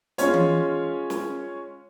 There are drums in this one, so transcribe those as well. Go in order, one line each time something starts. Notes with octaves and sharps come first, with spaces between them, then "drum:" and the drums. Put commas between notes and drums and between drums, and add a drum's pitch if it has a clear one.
G#3 C#4 F4 C#5, drum: hi-hat
drum: tom E3
drum: snare